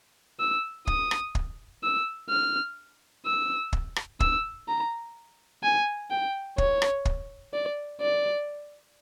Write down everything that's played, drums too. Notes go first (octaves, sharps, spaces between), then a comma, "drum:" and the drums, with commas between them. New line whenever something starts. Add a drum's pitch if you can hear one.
E6
D#6, drum: kick
drum: rim click
drum: kick
E6
F6
E6
drum: kick
drum: rim click
E6, drum: kick
A#5
G#5
G5
C#5, drum: kick
drum: rim click
drum: kick
D5
D5